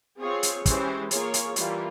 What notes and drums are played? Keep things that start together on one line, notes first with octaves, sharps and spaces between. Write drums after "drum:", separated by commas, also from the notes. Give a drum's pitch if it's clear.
C4 F4 G#4 C#5
drum: hi-hat
E3 G#3 C#4 G4 C5, drum: kick, hi-hat
A#3 F4 G#4 C#5, drum: hi-hat
drum: hi-hat
E3 G3 A#3 F4, drum: hi-hat